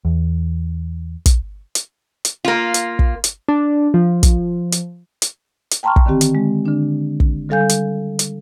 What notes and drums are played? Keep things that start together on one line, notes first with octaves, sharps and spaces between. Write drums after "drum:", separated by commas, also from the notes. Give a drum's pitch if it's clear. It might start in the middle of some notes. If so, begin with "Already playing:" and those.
E2
drum: kick, hi-hat
drum: hi-hat
drum: hi-hat
A#3 F4
drum: hi-hat
drum: kick
drum: hi-hat
D4
F3
drum: kick, hi-hat
drum: hi-hat
drum: hi-hat
drum: hi-hat
G5 A5 A#5 C6 C#6 F6
drum: kick
D3 D#3 C4 G4
drum: hi-hat
G#3
D3 D4
drum: kick
D3 G3 A4 F5 G#5 G6
drum: hi-hat
drum: hi-hat